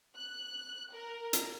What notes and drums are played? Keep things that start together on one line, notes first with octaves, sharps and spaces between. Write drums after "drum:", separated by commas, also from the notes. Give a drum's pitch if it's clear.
F#6
A#4
drum: hi-hat